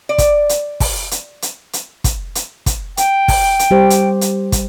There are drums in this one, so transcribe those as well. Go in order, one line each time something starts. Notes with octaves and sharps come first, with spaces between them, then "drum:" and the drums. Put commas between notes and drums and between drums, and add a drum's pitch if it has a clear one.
D5
drum: kick, hi-hat
drum: hi-hat
drum: kick, open hi-hat
drum: hi-hat
drum: hi-hat
drum: hi-hat
drum: kick, hi-hat
drum: hi-hat
drum: kick, hi-hat
G5, drum: hi-hat
drum: kick, open hi-hat
drum: hi-hat
G3 G4 C5
drum: hi-hat
drum: hi-hat
drum: kick, hi-hat